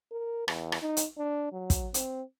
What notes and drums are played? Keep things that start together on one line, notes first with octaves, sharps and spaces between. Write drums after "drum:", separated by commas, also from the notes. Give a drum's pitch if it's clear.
A#4
E2, drum: rim click
drum: rim click
D#4
drum: hi-hat
D4
F#3
drum: kick, hi-hat
C4, drum: hi-hat